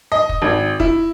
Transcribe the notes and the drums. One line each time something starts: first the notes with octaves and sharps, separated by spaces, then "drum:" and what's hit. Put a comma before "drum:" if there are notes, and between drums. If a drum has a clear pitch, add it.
D#5
drum: kick
G#1
E4, drum: kick